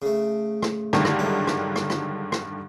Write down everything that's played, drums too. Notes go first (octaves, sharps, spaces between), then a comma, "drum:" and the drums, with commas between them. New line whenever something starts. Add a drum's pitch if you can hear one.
C#3 A3
drum: rim click
G2 D3 D#3, drum: rim click
drum: rim click
C#2 F#2 E4
drum: rim click
drum: rim click
drum: rim click
drum: rim click